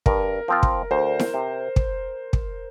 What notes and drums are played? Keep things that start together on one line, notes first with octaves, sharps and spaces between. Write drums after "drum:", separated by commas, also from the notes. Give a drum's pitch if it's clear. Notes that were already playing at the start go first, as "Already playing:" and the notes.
G2 A#4, drum: kick
F3 C4 F4
drum: kick
D2 C5
drum: snare E4
C3
drum: kick
drum: kick